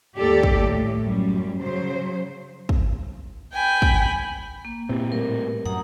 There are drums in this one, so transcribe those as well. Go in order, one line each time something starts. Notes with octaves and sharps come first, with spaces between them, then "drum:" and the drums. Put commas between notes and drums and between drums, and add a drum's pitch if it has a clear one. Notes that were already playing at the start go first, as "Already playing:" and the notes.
D#2 G#2 G3 G4 A4 D5
drum: kick
A2
F#2 G3
C#3 F#3 C5
drum: kick
G5 G#5 B5
drum: kick
A#3
A#2 C4 E4 G4
A2 G3 A#3 A#4
F#2 F#5 A#5 D#6